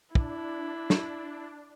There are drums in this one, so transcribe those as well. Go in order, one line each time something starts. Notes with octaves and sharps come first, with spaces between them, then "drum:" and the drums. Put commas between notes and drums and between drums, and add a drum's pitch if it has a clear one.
D4 E4, drum: kick
drum: snare